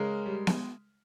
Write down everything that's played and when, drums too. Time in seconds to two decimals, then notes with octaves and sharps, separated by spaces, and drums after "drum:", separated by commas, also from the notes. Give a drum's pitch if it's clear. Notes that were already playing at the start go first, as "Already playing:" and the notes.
Already playing: C#3 G#3 A#4
0.26 G3
0.47 drum: snare B3